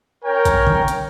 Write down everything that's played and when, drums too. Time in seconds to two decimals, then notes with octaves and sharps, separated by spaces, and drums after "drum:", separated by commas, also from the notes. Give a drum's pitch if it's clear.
0.24 C#4 A#4 C#5 G5
0.45 drum: kick A#1, hi-hat
0.67 drum: tom D3
0.88 drum: hi-hat